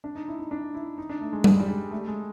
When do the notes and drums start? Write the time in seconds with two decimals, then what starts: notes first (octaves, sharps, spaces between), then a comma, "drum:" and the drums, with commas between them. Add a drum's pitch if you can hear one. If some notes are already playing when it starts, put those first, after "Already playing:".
0.04 D4
0.15 D#4
0.28 E4
0.39 D#4
0.51 D4
0.74 E4
0.98 D#4
1.09 D4
1.21 A3
1.33 G#3
1.44 G3, drum: tom G3
1.59 G3
1.68 G#3
1.91 A3
2.07 G#3